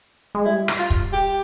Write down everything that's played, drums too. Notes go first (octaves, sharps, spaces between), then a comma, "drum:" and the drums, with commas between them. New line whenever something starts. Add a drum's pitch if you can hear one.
G#3
G3 E4
drum: rim click
F4
drum: kick
G4